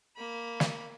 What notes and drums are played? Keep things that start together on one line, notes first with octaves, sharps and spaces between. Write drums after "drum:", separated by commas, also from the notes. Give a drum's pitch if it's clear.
A#3 B5
drum: snare